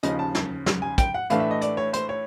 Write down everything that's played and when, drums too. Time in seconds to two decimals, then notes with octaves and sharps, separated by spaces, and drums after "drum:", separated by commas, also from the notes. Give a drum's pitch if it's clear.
0.03 D#2 C#3 F3 D#5, drum: hi-hat
0.19 A5
0.35 drum: snare
0.66 drum: snare
0.82 G#5
0.98 G5, drum: kick, hi-hat
1.14 F#5
1.30 A2 E3 A3 D4 F5, drum: hi-hat
1.40 E5
1.51 D#5
1.61 D5, drum: hi-hat
1.77 C#5
1.93 C5, drum: hi-hat
2.09 C#5